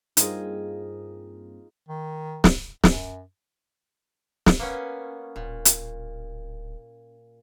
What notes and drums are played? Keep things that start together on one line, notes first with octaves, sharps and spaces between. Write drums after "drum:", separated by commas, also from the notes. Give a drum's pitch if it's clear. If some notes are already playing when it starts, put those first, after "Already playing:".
G2 A#3 C4 D#4 F4 G#4, drum: hi-hat
D#3
drum: snare
F#2, drum: snare
drum: snare
A#3 B3 C#4
D1 A#2
drum: hi-hat